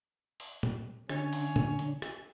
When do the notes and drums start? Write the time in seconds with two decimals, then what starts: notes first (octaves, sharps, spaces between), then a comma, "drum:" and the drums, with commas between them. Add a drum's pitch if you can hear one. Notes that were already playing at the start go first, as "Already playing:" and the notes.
0.40 drum: open hi-hat
0.63 drum: tom
1.09 D3 C#4, drum: rim click
1.33 drum: open hi-hat
1.56 drum: tom
1.79 drum: hi-hat
2.02 drum: rim click